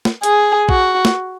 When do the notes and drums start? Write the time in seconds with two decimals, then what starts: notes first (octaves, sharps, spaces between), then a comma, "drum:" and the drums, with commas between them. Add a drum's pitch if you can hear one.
0.05 drum: snare
0.23 G#4, drum: hi-hat
0.69 F#4, drum: kick
1.05 drum: snare